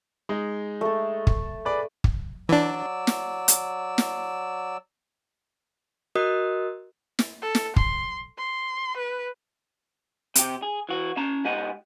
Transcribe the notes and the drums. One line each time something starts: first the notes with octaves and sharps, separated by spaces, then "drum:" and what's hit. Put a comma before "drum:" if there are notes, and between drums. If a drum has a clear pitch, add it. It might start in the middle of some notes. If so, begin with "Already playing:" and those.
G#3 D#4
A3 A4
drum: kick
G#4 B4 D5
drum: kick
E3 F#3 D4 D5 E6
drum: snare
drum: hi-hat
drum: snare
F#4 A#4 D#5 D#6 F#6
drum: snare
A4
drum: snare
C6, drum: kick
C6
B4
C3 G4, drum: hi-hat
G#4
E3 F#4
C#4 A5 A#5
G#2 G4 D#5 F#5